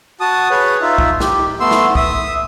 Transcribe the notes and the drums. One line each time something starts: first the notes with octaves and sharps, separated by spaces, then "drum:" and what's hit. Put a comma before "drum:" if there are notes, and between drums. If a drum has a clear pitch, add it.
F#4 A5 D#6
G#4 B4 C#5
D#4 F4 E5
drum: kick
G4, drum: snare
A3 B3 C6 E6
drum: snare
E5 D#6, drum: kick